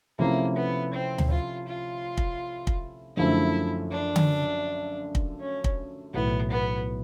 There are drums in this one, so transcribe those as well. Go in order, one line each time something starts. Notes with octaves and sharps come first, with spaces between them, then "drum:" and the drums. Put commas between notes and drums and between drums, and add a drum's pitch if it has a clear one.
C3 F3 A3 A#3 C#4 E4
B3
C4
drum: tom D2
F4
F4
drum: kick
drum: kick
F#2 D3 F3 A3 E4
D4
drum: tom D3
drum: kick
C#4
drum: kick
B1 A2 E3 B3
B3